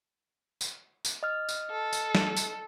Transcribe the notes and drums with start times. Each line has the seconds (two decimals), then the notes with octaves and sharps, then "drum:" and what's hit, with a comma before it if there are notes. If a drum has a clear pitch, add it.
0.61 drum: tambourine
1.05 drum: tambourine
1.23 D#5 F6
1.49 drum: tambourine
1.71 A4
1.93 drum: tambourine
2.15 drum: snare
2.37 drum: tambourine